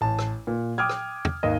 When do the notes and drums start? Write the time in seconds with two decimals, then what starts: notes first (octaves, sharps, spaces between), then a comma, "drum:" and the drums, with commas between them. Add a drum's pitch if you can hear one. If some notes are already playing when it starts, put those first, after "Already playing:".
0.01 A1 A5
0.19 drum: rim click
0.47 A#2
0.78 G5 D6 D#6 F6 G#6
0.89 drum: rim click
1.25 drum: tom
1.43 G#1 D#2 D#5